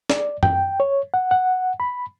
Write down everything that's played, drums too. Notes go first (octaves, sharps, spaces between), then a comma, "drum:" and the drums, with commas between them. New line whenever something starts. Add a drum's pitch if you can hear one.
D5, drum: snare
G5, drum: tom F#2
C#5
F#5
F#5
B5